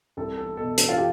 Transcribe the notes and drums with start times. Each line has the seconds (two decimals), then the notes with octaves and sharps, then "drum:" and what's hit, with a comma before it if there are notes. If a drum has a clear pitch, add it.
0.17 C2 A4
0.38 A4
0.57 B2 A4
0.78 A4, drum: hi-hat
0.89 F4
0.97 G4